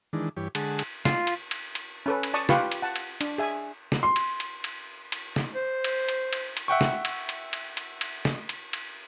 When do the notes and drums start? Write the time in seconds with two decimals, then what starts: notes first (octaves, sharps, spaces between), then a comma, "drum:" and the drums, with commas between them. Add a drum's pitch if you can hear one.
0.13 D#3 E3 G#3 D4
0.37 G2 E3 G4 C#5
0.55 D3 G#3 G#4 F#5 A5, drum: cymbal
0.79 drum: cymbal
1.05 F4, drum: snare
1.27 drum: cymbal
1.51 drum: cymbal
1.75 drum: cymbal
2.06 C#4 A4 B4
2.23 drum: cymbal
2.34 D5 A5 C#6 D#6
2.49 F4 G4 B4 F5 C#6, drum: snare
2.72 drum: cymbal
2.82 F#5 A5
2.96 drum: cymbal
3.21 D4, drum: cymbal
3.38 G#4 E5 G#5
3.92 drum: snare
4.03 C6
4.16 drum: cymbal
4.40 drum: cymbal
4.64 drum: cymbal
5.12 drum: cymbal
5.36 drum: snare
5.55 C5
5.84 drum: cymbal
6.09 drum: cymbal
6.33 drum: cymbal
6.57 drum: cymbal
6.68 E5 F#5 G5 C#6
6.81 drum: snare
7.05 drum: cymbal
7.29 drum: cymbal
7.53 drum: cymbal
7.77 drum: cymbal
8.01 drum: cymbal
8.25 drum: snare
8.49 drum: cymbal
8.73 drum: cymbal